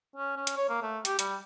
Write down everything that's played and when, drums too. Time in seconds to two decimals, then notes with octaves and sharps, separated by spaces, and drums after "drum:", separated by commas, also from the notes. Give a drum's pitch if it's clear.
0.16 C#4
0.37 C#4
0.47 drum: hi-hat
0.57 C#5
0.69 A#3
0.82 A3
1.05 G4, drum: hi-hat
1.19 G3, drum: hi-hat